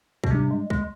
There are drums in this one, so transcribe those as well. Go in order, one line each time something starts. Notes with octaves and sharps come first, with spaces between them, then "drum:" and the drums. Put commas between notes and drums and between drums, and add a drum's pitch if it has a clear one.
B2, drum: kick
G#2 C3 G3 D4
G#3
G#3, drum: kick